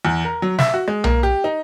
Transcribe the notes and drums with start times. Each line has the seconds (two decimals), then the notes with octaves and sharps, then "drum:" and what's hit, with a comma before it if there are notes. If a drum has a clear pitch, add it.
0.05 E2
0.25 A#4
0.42 F#3
0.59 E5, drum: snare
0.74 F#4
0.88 G#3
1.04 A#3, drum: tom B1
1.23 G4
1.44 D#4